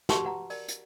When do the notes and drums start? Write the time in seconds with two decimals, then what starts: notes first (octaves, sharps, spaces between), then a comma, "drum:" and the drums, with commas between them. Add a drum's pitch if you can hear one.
0.09 F#4 G4 F#5 A5 C6 C#6, drum: snare
0.24 B4 F#5 A#5
0.50 A#4 D5, drum: open hi-hat
0.68 drum: hi-hat